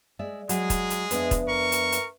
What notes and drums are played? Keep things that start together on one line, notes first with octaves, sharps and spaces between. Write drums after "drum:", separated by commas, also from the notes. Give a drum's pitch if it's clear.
G#3 D5 E5
F#3 G#3 G#4, drum: hi-hat
drum: kick, hi-hat
drum: hi-hat
F2 B3 D4 B4 E5, drum: hi-hat
drum: kick, hi-hat
A#4 C#6
drum: hi-hat
drum: hi-hat